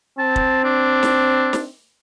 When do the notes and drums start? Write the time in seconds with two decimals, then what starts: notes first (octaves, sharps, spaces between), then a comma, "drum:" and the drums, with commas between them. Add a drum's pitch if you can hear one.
0.19 C4 A5
0.36 drum: kick
0.64 D4
1.03 drum: snare
1.53 drum: snare